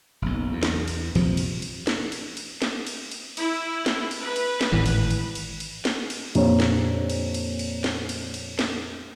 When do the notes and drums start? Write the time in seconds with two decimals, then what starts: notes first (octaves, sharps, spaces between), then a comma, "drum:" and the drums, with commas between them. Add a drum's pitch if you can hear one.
0.22 F#1 B1
0.52 E2
0.63 drum: snare
0.88 drum: cymbal
1.15 A#1 F2 C3 F3, drum: cymbal
1.37 drum: cymbal
1.62 drum: cymbal
1.87 drum: snare
2.12 drum: cymbal
2.37 drum: cymbal
2.62 drum: snare
2.87 drum: cymbal
3.11 drum: cymbal
3.37 E4, drum: cymbal
3.86 drum: snare
4.11 drum: cymbal
4.21 B4
4.36 drum: cymbal
4.61 drum: snare
4.72 G#1 A2 E3
4.86 drum: cymbal
5.11 drum: cymbal
5.35 drum: cymbal
5.60 drum: cymbal
5.85 drum: snare
6.10 drum: cymbal
6.35 F2 A#2 D3 G4 C#5 A#5, drum: cymbal
6.60 drum: snare
7.10 drum: cymbal
7.34 drum: cymbal
7.59 drum: cymbal
7.84 drum: snare
8.09 drum: cymbal
8.34 drum: cymbal
8.59 drum: snare